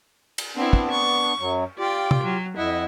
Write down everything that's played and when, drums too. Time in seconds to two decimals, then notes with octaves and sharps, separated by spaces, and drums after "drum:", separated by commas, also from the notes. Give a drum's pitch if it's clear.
0.38 drum: cymbal
0.57 B3 C4 D4 E4
0.73 drum: kick
0.91 C#6
1.40 F#2 F#3
1.79 F4 G4 D5 G5
2.11 drum: tom
2.23 F#3
2.57 F2 E4 D#5 F#5